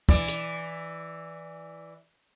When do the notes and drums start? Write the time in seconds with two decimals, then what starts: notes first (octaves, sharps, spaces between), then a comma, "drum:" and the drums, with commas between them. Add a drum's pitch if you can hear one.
0.09 E3 D5, drum: kick
0.28 drum: hi-hat